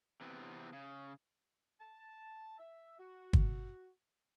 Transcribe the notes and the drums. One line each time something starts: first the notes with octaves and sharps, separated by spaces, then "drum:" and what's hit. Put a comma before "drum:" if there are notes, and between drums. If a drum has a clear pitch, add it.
C3 E3 B3 C4
C#3
A5
E5
F#4
drum: kick